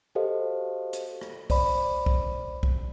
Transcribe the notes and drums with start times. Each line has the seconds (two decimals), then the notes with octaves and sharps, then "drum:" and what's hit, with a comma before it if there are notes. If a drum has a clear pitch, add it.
0.15 F#4 G4 A4 C5 D#5 F5
0.93 drum: hi-hat
1.21 drum: rim click
1.50 C5 D5 B5, drum: kick B1, open hi-hat
2.06 drum: kick B1
2.63 drum: kick B1